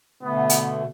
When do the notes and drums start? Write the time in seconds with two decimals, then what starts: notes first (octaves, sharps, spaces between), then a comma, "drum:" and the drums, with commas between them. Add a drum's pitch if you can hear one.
0.23 B2 D3 A3 B3
0.50 drum: hi-hat